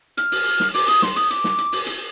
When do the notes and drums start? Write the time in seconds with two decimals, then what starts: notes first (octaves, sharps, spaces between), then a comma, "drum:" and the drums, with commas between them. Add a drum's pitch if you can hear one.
0.17 F6, drum: hi-hat
0.32 drum: open hi-hat
0.60 drum: snare
0.74 D6, drum: open hi-hat
0.88 D#6, drum: hi-hat
1.02 C6, drum: snare
1.16 D#6, drum: hi-hat
1.30 D6, drum: hi-hat
1.44 drum: snare
1.58 drum: hi-hat
1.72 drum: open hi-hat
1.86 drum: hi-hat